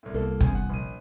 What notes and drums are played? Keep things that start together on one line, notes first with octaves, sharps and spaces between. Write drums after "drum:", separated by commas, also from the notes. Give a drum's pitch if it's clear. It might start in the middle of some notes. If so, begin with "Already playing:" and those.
C2 A2
C2 A#3 A4
E2 C#3 G#5, drum: kick
F#5
A#1 D#7